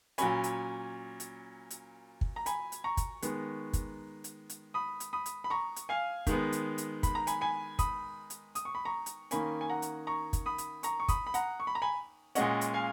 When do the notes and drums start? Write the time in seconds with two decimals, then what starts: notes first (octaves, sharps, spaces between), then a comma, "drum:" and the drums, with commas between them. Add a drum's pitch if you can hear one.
0.18 A#2 F#3 C#4 G#5 B5, drum: hi-hat
0.44 drum: hi-hat
1.20 drum: hi-hat
1.70 drum: hi-hat
2.21 drum: kick
2.36 A#5
2.46 G#5 B5, drum: hi-hat
2.72 drum: hi-hat
2.84 A#5 C#6
2.97 drum: kick, hi-hat
3.22 D#3 G#3 B3, drum: hi-hat
3.73 drum: kick, hi-hat
4.24 drum: hi-hat
4.50 drum: hi-hat
4.74 B5 D#6
5.00 drum: hi-hat
5.13 B5 D#6
5.26 drum: hi-hat
5.44 B5
5.50 A#5 C#6
5.76 drum: hi-hat
5.89 F5 G#5
6.27 D#3 G#3 B3, drum: kick, hi-hat
6.52 drum: hi-hat
6.78 drum: hi-hat
7.03 B5, drum: kick, hi-hat
7.15 A#5
7.27 G#5 B5, drum: hi-hat
7.41 G#5 B5
7.79 B5 D#6, drum: kick, hi-hat
8.30 drum: hi-hat
8.55 D#6, drum: hi-hat
8.65 C#6
8.75 B5
8.85 A#5 C#6
9.06 drum: hi-hat
9.31 D#3 A#3 C#4 G#5 B5, drum: hi-hat
9.61 G#5
9.70 F#5 A#5
9.82 drum: hi-hat
10.07 A#5 C#6
10.33 drum: kick, hi-hat
10.46 B5 D#6
10.58 drum: hi-hat
10.83 A#5 C#6, drum: hi-hat
11.00 C#6
11.08 B5 D#6, drum: kick, hi-hat
11.27 B5
11.34 F#5 A#5, drum: hi-hat
11.60 C#6
11.67 B5
11.75 A#5
11.82 G#5 B5
12.35 A#2 G#3 C#4 D#5 F#5, drum: hi-hat
12.61 drum: hi-hat
12.74 F5 G#5